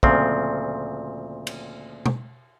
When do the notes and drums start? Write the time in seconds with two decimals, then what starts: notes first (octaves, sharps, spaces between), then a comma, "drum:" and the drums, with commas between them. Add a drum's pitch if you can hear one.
0.03 D2 A#2 C#3 F3 C4, drum: kick
1.47 drum: cymbal
2.06 drum: tom